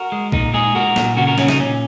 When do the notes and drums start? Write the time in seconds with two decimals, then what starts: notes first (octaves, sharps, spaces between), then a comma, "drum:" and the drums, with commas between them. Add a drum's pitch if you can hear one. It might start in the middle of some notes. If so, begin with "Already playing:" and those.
Already playing: F#4 A#4
0.12 G#3
0.32 A#2 D#4, drum: kick
0.54 G#3 D#4 G#4
0.75 A#2 F#4 A#4
0.96 A#2, drum: snare
1.17 C#3 F#4 A#4
1.27 F#4 A#4
1.38 C#3 C#4 F#4, drum: snare
1.48 D#4, drum: snare
1.59 A#2 C#4